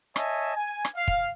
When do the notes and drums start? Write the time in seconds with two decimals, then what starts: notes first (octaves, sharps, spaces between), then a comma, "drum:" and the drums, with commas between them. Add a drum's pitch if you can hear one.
0.16 C#5 D#5 E5 G#5 A5, drum: rim click
0.55 G#5
0.85 drum: rim click
0.95 F5
1.08 drum: kick